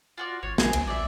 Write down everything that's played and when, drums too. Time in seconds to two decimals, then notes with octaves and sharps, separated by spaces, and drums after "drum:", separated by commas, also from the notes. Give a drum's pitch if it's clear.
0.18 F4 F#4 D5
0.43 G#1 C#5
0.58 A#1 G#4, drum: snare
0.73 C#2, drum: cymbal
0.87 A#1 D5 E5